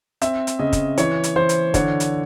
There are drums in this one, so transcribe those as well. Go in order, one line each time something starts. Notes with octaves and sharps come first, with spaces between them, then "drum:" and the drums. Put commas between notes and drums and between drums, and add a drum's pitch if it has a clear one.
C4 E5, drum: hi-hat
drum: hi-hat
C#3 D#5
drum: kick, hi-hat
E3 C#5, drum: hi-hat
drum: hi-hat
E3 C5
drum: hi-hat
D3 C#5, drum: kick, hi-hat
drum: hi-hat